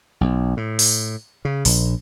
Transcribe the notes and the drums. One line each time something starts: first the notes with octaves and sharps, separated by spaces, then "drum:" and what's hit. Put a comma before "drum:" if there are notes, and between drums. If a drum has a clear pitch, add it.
B1
A2
drum: open hi-hat
C#3
A#1, drum: open hi-hat